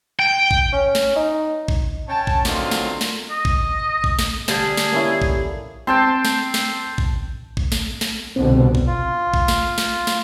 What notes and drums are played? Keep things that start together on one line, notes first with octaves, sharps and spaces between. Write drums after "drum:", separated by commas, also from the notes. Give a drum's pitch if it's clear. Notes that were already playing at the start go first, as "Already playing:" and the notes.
G5
drum: kick A1
C#4
drum: snare
D#4
drum: kick A1
C#4 G5 A5
drum: kick A1
D3 D#3 F#3 C4 F4, drum: snare
drum: snare
drum: snare
D#5
drum: kick A1
drum: kick A1
drum: snare
D3 G3 G#4, drum: snare
drum: snare
A#3 C#4 E4
drum: kick A1
C4 G5 A5 C6
drum: snare
drum: snare
drum: kick A1
drum: kick A1
drum: snare
drum: snare
C2 B2 D3 C4
drum: kick A1
F4
drum: kick A1
drum: snare
drum: snare
drum: snare